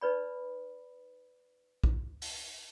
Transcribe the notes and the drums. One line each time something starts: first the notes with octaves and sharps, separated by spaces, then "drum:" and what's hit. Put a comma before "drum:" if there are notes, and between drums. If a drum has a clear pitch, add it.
D#4 B4 D5 B5
drum: kick A#1
drum: open hi-hat